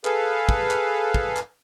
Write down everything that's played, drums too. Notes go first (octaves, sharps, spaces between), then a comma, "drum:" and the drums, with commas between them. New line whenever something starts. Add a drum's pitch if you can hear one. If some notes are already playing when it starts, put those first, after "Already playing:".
G#4 A4 B4 F5, drum: clap
drum: kick
drum: clap
drum: kick
drum: clap